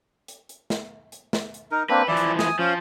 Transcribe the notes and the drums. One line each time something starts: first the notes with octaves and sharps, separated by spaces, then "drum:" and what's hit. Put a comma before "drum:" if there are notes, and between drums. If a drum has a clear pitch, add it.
drum: hi-hat
drum: hi-hat
drum: snare
drum: hi-hat
drum: snare
drum: hi-hat
D#4 A#4
A#3 C4 D4 B4
E3 F3 E4 D5
drum: hi-hat
G#5 D#6, drum: snare
F3 C#4 F4 C5